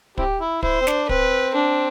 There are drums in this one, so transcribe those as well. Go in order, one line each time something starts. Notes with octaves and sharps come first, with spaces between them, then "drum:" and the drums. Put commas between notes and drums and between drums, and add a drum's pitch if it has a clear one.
C4 E4 G4, drum: kick
E4
E4 C5, drum: kick
C4
D4, drum: snare
C4 B4, drum: kick
D4